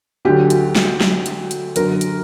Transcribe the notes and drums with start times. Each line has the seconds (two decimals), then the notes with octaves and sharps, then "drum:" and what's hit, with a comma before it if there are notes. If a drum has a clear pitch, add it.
0.25 D2 D3 F#3 G4
0.50 drum: hi-hat
0.75 drum: snare
1.01 drum: snare
1.26 drum: hi-hat
1.51 drum: hi-hat
1.76 F#2 D3 F#3 A#4, drum: hi-hat
2.01 drum: hi-hat